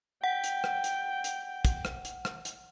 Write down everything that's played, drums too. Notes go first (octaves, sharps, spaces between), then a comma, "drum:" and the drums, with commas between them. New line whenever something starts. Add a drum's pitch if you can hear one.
F#5 G5
drum: hi-hat
drum: rim click
drum: hi-hat
drum: hi-hat
drum: kick, hi-hat
drum: rim click
drum: hi-hat
drum: rim click
drum: hi-hat